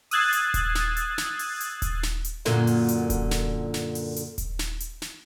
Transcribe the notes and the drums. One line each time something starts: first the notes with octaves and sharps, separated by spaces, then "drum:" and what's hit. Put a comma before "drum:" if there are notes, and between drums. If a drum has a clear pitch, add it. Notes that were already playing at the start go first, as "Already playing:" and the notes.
D#6 E6 F#6 G#6 A6 C7, drum: open hi-hat
drum: hi-hat
drum: kick D#1, hi-hat
drum: snare
drum: hi-hat
drum: snare
drum: open hi-hat
drum: hi-hat
drum: kick D#1, hi-hat
drum: snare
drum: hi-hat
F#2 A#2 D3, drum: snare
drum: open hi-hat
drum: hi-hat
drum: kick D#1, hi-hat
drum: snare
drum: snare
drum: open hi-hat
drum: hi-hat
drum: kick D#1, hi-hat
drum: snare
drum: hi-hat
drum: snare